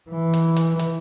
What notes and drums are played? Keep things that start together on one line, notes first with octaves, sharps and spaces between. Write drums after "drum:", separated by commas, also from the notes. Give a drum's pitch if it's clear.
E3
drum: hi-hat
drum: hi-hat
drum: hi-hat